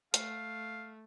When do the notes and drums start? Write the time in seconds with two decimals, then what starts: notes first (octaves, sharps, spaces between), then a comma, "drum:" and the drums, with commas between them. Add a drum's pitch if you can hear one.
0.14 A3 F5, drum: hi-hat